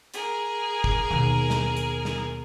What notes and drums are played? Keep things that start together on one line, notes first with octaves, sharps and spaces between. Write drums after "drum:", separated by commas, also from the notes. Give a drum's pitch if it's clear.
G#4 A#4, drum: hi-hat
drum: kick
D#2 B2
drum: snare
drum: hi-hat
drum: snare